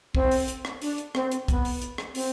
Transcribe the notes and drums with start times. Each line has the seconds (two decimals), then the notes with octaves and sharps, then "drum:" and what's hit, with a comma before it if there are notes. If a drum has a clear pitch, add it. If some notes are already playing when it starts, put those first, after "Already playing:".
0.15 C4, drum: kick
0.31 drum: open hi-hat
0.48 drum: hi-hat
0.65 drum: rim click
0.82 D4, drum: open hi-hat
0.98 drum: hi-hat
1.15 C4, drum: rim click
1.32 drum: hi-hat
1.48 B3, drum: kick, hi-hat
1.65 drum: open hi-hat
1.82 drum: hi-hat
1.98 drum: rim click
2.15 C4, drum: open hi-hat